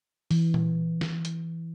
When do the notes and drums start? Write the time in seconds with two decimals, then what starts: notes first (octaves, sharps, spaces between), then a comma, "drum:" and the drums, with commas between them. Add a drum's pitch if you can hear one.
0.31 E3, drum: open hi-hat
0.54 drum: tom A#2
1.01 drum: snare
1.25 drum: hi-hat